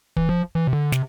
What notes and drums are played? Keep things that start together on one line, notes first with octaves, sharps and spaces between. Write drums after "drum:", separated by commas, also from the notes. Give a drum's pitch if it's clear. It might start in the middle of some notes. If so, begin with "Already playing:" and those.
E3, drum: kick
F3
E3
C3
D3
C3, drum: snare